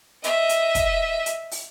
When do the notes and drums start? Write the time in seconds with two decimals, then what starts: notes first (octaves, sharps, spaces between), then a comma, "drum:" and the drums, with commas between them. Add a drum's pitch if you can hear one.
0.24 D#5 E5, drum: hi-hat
0.49 drum: hi-hat
0.75 drum: kick, hi-hat
1.26 drum: hi-hat
1.51 drum: open hi-hat